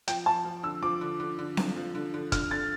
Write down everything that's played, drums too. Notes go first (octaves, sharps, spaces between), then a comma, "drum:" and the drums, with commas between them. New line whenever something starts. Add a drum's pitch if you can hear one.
F3 G5, drum: hi-hat
F3 A5
F3
D3 E6
F3 D6
D3
D3
D3
F3, drum: snare C4
F3
D3
D3
D3 F6, drum: kick, hi-hat
D3 A6